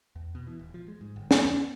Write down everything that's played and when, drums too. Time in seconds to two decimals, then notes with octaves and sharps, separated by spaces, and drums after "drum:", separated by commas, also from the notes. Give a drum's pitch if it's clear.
0.16 E2
0.35 B2
0.47 E3
0.59 D#1
0.74 F3
0.88 G#3
1.01 G#2
1.16 G1
1.31 C#2, drum: snare
1.45 E2
1.56 B3